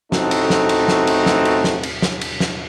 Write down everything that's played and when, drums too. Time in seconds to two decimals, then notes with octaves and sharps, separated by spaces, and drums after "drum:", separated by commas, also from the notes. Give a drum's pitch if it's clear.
0.12 A1 A3 C4 D#4 F#4 A4, drum: snare
0.31 drum: cymbal
0.50 drum: snare
0.69 drum: cymbal
0.88 drum: snare
1.07 drum: cymbal
1.26 drum: snare
1.45 drum: cymbal
1.64 drum: snare
1.83 drum: cymbal
2.02 drum: snare
2.21 drum: cymbal
2.40 drum: snare